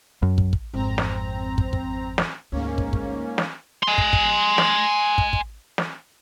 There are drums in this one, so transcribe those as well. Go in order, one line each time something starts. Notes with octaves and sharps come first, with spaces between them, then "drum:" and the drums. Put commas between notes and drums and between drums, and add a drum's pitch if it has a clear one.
F#2
drum: kick
drum: kick
G#1 F2 C4 A#5
drum: snare
drum: kick
drum: kick
drum: snare
D2 G#2 A#3 C#4
drum: kick
drum: kick
drum: snare
G#5 C6
drum: kick
drum: kick
drum: snare
drum: kick
drum: kick
drum: snare